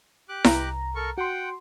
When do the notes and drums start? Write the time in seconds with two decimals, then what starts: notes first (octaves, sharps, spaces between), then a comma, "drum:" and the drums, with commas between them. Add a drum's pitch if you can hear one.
0.29 G4 D6 F#6
0.44 C2 A#5, drum: snare E4
0.95 A4 A#4 C#6
1.18 F#4 F#5 G5 C6